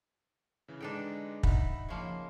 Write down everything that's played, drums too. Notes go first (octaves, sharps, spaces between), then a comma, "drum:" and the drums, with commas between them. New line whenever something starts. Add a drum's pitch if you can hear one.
C#3 E3
D3 G#3 D4 D#4 B4 G5
D#4 E5 F#5 B5, drum: kick
C#3 F3 A#3